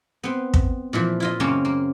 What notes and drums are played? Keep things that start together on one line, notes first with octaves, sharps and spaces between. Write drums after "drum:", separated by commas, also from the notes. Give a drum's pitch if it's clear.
B3 C4
drum: kick
A#2 E3 F3
E4 F4 D#5
F#2 C#3 A#3 C4 C#4
A#3